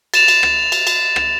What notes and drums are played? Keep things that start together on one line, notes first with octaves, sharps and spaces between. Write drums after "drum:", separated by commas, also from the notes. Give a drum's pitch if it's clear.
A6 E7 F7, drum: cymbal
drum: cymbal
drum: rim click
drum: cymbal
drum: cymbal
drum: rim click